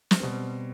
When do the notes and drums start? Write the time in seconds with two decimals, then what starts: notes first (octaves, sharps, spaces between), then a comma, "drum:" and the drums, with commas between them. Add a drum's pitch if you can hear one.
0.11 drum: snare
0.20 B2 G3 C4